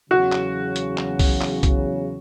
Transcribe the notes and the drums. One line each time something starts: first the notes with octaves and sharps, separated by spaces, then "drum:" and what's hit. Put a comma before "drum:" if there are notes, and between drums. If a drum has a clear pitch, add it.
E2 C#3 F#3 F#4
drum: clap
drum: hi-hat
drum: clap
drum: kick B1, open hi-hat
drum: clap
drum: kick B1, hi-hat